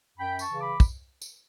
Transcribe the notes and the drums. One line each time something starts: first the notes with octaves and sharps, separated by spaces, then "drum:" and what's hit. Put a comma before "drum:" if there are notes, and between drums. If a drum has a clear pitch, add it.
F#2 G5 B5
A5 C#6, drum: tambourine
C#3 E3
B5 D6
drum: kick, tambourine
drum: tambourine